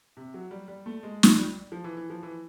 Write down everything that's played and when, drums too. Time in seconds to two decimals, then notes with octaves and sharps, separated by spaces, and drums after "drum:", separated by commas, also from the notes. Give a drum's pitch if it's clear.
0.17 C3
0.34 F#3
0.51 G3
0.68 G3
0.86 A3
1.03 G#3
1.23 drum: snare
1.37 G3
1.72 F3
1.84 E3
1.97 E3
2.10 F3
2.23 E3